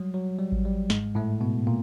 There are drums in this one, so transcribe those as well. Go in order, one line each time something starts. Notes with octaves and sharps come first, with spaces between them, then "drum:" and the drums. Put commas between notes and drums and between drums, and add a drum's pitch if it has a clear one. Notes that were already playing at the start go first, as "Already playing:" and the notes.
Already playing: F#3 G3
F#3
G3
drum: kick G#1
G3
G#2 G#3, drum: snare
A2 A3
B2 B3
A#2 A#3